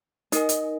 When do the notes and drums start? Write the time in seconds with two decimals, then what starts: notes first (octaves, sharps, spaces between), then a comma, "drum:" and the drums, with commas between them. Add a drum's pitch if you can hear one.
0.32 D#4 A#4 D#5 G#5, drum: hi-hat
0.49 drum: hi-hat